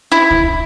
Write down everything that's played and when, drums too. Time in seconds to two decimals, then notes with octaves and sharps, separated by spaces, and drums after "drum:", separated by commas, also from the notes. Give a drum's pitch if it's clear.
0.12 E4
0.31 drum: kick C#2